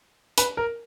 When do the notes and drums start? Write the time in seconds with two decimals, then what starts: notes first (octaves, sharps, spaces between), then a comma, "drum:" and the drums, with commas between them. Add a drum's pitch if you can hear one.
0.38 B4, drum: hi-hat
0.57 A#4